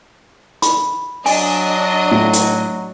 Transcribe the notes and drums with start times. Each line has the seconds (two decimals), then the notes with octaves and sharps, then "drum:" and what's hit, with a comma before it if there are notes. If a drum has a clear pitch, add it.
0.62 B5, drum: hi-hat
1.26 F#3 D4 D#5 G#5, drum: open hi-hat
2.11 A2
2.33 drum: hi-hat